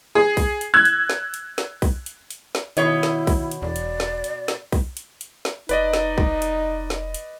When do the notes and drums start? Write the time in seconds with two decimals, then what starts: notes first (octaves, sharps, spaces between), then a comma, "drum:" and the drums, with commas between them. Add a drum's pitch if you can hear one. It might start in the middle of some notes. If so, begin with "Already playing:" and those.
0.15 G#4
0.37 drum: kick B1, open hi-hat
0.61 drum: hi-hat
0.74 E6 F#6 G#6
0.85 drum: hi-hat
1.10 drum: snare
1.34 drum: hi-hat
1.58 drum: snare
1.82 drum: kick B1, open hi-hat
2.06 drum: hi-hat
2.31 drum: hi-hat
2.55 drum: snare
2.77 B2 D#3 E4 C#5 D#5, drum: hi-hat
3.03 drum: snare
3.27 drum: kick B1, open hi-hat
3.51 drum: hi-hat
3.62 E1 D5
3.76 drum: hi-hat
4.00 drum: snare
4.24 drum: hi-hat
4.48 drum: snare
4.72 drum: kick B1, open hi-hat
4.97 drum: hi-hat
5.21 drum: hi-hat
5.45 drum: snare
5.69 F1 D#4 B4 D5 D#5, drum: hi-hat
5.93 drum: snare
6.18 drum: kick B1
6.42 drum: hi-hat
6.90 drum: snare
7.14 drum: hi-hat